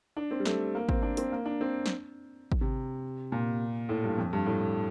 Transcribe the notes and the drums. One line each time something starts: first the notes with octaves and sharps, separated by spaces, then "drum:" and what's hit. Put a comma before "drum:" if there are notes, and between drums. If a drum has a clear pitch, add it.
D4
C4
G3
A3, drum: snare
A#3
C4, drum: kick
D4
C4, drum: hi-hat
A#3
D4
C4
drum: snare
drum: kick
C3
A#2
A2
G2
F2
G2
A2